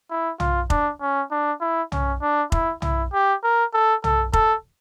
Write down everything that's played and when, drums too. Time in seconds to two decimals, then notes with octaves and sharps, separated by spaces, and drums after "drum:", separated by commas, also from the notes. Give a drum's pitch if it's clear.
0.10 E4
0.40 F4, drum: tom
0.70 D4, drum: kick F1
1.01 C#4
1.31 D4
1.61 E4
1.92 C#4, drum: tom
2.22 D4
2.52 E4, drum: kick F1
2.82 E4, drum: tom
3.13 G4
3.43 A#4
3.74 A4
4.04 A4, drum: tom
4.33 A4, drum: kick F1